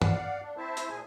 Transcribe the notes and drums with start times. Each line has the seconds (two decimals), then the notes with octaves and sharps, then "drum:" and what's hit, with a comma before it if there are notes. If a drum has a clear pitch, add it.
0.02 D5 F5 F#5, drum: tom
0.43 D4
0.57 C4 E4 C5 E5 A5
0.77 drum: hi-hat
0.90 A#2 G#4 G#5